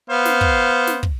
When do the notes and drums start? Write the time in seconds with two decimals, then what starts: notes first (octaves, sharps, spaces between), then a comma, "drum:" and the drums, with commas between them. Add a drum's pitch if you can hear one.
0.10 B3 C5 F5
0.25 drum: snare
0.41 drum: kick
0.87 drum: snare
1.03 drum: kick